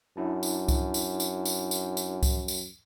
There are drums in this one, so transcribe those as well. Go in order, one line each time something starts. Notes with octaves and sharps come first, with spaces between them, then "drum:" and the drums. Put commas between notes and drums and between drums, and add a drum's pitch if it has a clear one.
F#2 D4 E4 A5
drum: tambourine
drum: kick C2, tambourine
drum: tambourine
drum: tambourine
drum: tambourine
drum: tambourine
drum: tambourine
drum: kick C2, tambourine
drum: tambourine